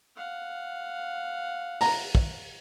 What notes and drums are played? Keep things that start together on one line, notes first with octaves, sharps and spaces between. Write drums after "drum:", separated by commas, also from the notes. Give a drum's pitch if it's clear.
F5 F#5
A#5, drum: open hi-hat
drum: kick